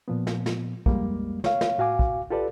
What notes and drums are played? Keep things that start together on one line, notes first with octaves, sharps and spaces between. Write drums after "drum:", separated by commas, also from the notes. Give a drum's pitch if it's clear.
A#2 F3 B3
drum: snare
drum: snare
F2 G3 G#3 A#3, drum: kick
C#5 F5, drum: snare
drum: snare
A2 F#4 F5 G#5 D6
drum: kick
F4 G4 A4 B4 D5